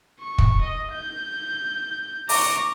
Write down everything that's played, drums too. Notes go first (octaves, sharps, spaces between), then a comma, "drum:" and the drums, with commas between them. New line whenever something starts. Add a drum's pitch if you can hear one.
C#6
drum: kick
D#5
G6
A#5 C#6 D6, drum: open hi-hat